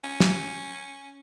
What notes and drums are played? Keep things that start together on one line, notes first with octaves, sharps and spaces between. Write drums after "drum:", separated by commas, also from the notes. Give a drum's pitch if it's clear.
C#4
drum: snare